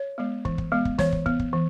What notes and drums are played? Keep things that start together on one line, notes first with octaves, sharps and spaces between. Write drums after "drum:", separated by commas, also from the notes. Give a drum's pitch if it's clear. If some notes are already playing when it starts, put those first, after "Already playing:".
Already playing: C#5
G#3 B3
E3, drum: kick
drum: kick
G#3 B3
drum: kick
E3 C#5, drum: snare
drum: kick
B3, drum: kick
drum: kick
E3